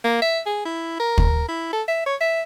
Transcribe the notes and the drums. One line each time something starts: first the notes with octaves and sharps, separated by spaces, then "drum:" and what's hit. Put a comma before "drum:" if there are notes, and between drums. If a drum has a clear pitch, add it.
A#3
E5
G#4
E4
A#4
drum: kick
E4
A4
E5
C#5
E5